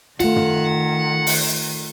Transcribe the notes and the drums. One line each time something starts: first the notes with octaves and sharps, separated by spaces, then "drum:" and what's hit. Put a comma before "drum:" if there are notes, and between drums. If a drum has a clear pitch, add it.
D#3 A3 F4 F#5, drum: cymbal
drum: tom
drum: open hi-hat